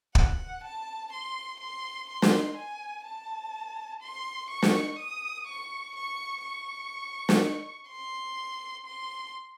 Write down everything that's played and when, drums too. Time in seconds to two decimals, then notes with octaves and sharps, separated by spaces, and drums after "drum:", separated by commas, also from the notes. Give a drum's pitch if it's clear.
0.15 F#5, drum: kick
0.64 A5
1.12 C6
1.60 C6
2.09 C6
2.22 drum: snare
2.57 G#5
3.06 A5
4.02 C6
4.50 C#6
4.62 drum: snare
4.99 D#6
5.47 C#6
5.96 C#6
6.44 C#6
7.29 drum: snare
7.89 C6
8.86 C6